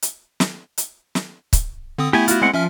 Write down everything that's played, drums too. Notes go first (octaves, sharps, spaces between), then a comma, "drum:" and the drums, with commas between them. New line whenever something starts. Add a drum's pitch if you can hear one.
drum: hi-hat
drum: snare
drum: hi-hat
drum: snare
drum: kick, hi-hat
D3 C4 D#6
A3 B3 E4 G4 G#5
F4 F#4, drum: hi-hat
G#3 C4 F#5
F3 C#4 E5 F6